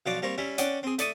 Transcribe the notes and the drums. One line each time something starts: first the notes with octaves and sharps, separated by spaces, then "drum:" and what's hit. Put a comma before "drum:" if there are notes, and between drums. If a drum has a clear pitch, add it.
B1 F3 F#4 D5 F5 D6
G3 A#3 C4 A#5 C#6
G3 C#4 E4
C#4 D4 D5 F#5 G5, drum: hi-hat
C4 G#4
A3 D5 C#6 D#6, drum: hi-hat